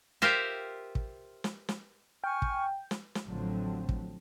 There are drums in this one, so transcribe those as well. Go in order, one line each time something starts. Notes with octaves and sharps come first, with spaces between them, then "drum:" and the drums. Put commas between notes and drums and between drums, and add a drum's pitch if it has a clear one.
F4 G4 A#4 C5 E5, drum: snare
drum: kick
drum: snare
drum: snare
G5 G#5 C#6 F6
drum: kick
drum: snare
drum: snare
A1 D3 F3 F#3 A3 C4
drum: kick